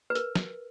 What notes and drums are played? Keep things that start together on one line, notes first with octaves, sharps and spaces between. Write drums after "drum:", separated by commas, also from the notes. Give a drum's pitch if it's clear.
B4
A#4, drum: hi-hat
drum: snare